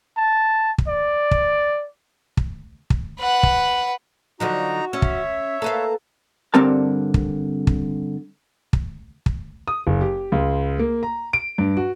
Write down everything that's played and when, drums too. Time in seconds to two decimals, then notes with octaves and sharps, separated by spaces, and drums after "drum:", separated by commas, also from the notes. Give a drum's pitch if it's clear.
0.17 A5
0.78 drum: kick
0.88 D5
1.31 drum: kick
2.37 drum: kick
2.90 drum: kick
3.19 B4 F#5
3.43 drum: kick
4.40 D3 F3 F#3 D#4 F#4 A#5
4.93 C#4 C#5 E5
5.02 drum: kick
5.62 A#3 A4 B4 F5 A5 A#5
6.54 G2 D3 G3 C4 A#4 A5
7.14 drum: kick
7.67 drum: kick
8.73 drum: kick
9.26 drum: kick
9.68 D#6
9.87 F#1
10.01 G4
10.32 C#2
10.79 A#3
11.03 A#5
11.33 D7
11.58 G2
11.77 F#4